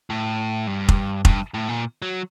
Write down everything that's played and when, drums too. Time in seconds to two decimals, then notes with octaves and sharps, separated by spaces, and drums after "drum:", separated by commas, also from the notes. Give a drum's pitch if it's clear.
0.10 A2
0.67 G2
0.89 drum: kick F1
1.25 G2, drum: kick F1
1.54 A2
1.68 A#2
2.02 F#3